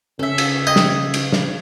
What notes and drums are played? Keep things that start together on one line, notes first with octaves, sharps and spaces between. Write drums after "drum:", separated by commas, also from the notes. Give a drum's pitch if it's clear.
C#3 C#4 A4 E5
drum: cymbal
D#5 G5 G#6
drum: snare
drum: cymbal
drum: snare